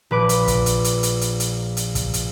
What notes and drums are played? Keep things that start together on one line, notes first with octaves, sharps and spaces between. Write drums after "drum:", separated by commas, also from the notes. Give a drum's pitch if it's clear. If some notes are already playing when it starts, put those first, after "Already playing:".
A#1 B4 D6
drum: hi-hat
drum: kick, hi-hat
drum: hi-hat
drum: hi-hat
drum: hi-hat
drum: hi-hat
drum: hi-hat
drum: hi-hat
drum: kick, hi-hat
drum: hi-hat